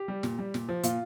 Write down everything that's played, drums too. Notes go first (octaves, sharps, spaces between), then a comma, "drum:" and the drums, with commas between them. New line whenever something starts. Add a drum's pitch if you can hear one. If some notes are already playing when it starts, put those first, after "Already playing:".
Already playing: G4
G3
A#2, drum: snare
G3
A#2, drum: snare
F3
A#2 F4, drum: hi-hat